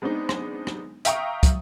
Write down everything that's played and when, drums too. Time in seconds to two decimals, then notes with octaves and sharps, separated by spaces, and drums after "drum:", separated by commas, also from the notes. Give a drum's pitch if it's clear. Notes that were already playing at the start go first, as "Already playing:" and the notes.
0.02 G#3 B3 C4 D4 D#4
0.29 drum: rim click
0.67 drum: rim click
1.05 E5 F5 G5 A#5 C#6 D#6, drum: hi-hat
1.43 drum: kick, hi-hat